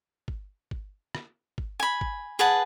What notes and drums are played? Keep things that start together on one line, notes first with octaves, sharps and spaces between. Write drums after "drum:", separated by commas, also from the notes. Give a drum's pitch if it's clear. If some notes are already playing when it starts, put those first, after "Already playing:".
drum: kick
drum: kick
drum: rim click
drum: kick
G#5 B5
drum: kick
G#4 B4 F#5 A5